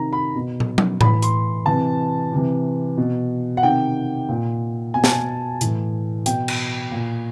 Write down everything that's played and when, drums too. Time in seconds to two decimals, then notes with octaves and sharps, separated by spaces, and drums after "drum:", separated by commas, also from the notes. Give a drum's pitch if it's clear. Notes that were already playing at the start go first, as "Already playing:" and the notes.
Already playing: C3 D#3 A#5
0.13 B5
0.35 B2
0.60 drum: tom
0.78 drum: tom
1.01 A2 E3 B5, drum: tom A2
1.22 C6, drum: hi-hat
1.66 C3 E3 A5
2.32 C3 E3
2.98 B2
3.57 F#5
3.63 C3 D#3 G5
4.29 A#2
4.94 B2 G#5
5.04 A5, drum: snare
5.12 G#5
5.61 A2 E3, drum: hi-hat
6.26 B2 G5, drum: hi-hat
6.48 drum: cymbal
6.91 A#2